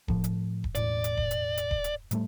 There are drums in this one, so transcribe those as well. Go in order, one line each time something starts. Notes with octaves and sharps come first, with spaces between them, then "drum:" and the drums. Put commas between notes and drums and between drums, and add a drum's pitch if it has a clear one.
A2 F3, drum: kick D#1
drum: hi-hat
drum: kick D#1
E1 A2 D5, drum: hi-hat
drum: hi-hat
drum: kick D#1
drum: hi-hat
drum: hi-hat
drum: kick D#1
drum: hi-hat
A2 G3 A3, drum: hi-hat